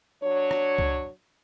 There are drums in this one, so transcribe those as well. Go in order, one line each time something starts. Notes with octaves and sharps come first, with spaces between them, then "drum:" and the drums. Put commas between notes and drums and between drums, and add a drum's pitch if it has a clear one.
F#3 D4 C#5
drum: rim click
drum: kick C#2